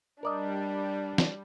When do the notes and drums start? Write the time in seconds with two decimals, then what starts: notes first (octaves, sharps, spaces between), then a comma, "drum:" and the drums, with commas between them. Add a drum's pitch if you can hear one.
0.23 G3 D4 A#4 D5 D#5
1.18 drum: snare